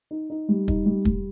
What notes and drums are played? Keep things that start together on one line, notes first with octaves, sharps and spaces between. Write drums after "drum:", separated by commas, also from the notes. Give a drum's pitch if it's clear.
D#4
D#4
G3
D#4, drum: kick
G3
G3, drum: kick